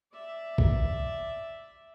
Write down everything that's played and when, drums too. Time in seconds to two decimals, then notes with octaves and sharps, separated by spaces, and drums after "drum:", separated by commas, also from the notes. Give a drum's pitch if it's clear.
0.12 D5 E5
0.58 drum: kick